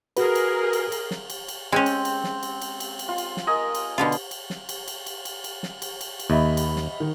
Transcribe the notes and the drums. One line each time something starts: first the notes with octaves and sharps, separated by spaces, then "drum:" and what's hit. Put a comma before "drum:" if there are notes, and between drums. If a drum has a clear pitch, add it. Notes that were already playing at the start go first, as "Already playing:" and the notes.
F#4 G#4 A#4 B4, drum: cymbal
drum: cymbal
drum: cymbal
drum: cymbal
drum: snare
drum: cymbal
drum: cymbal
G#3 C4 C#4
drum: cymbal
drum: cymbal
drum: snare
drum: cymbal
drum: cymbal
drum: cymbal
drum: cymbal
F4
drum: cymbal
drum: snare
A#4 D#5 G#5
drum: cymbal
B2 D3 F4
drum: cymbal
drum: cymbal
drum: snare
drum: cymbal
drum: cymbal
drum: cymbal
drum: cymbal
drum: cymbal
drum: snare
drum: cymbal
drum: cymbal
drum: cymbal
D#2 D#5 E5 B5
drum: cymbal
drum: snare
D#3